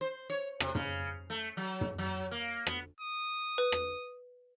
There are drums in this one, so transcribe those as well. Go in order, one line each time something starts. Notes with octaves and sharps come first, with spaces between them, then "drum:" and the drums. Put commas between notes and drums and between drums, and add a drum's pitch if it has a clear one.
C5
C#5
C3, drum: rim click
C#3, drum: tom
A3
F#3
drum: tom
F#3
A#3
B3, drum: rim click
D#6
B4
drum: rim click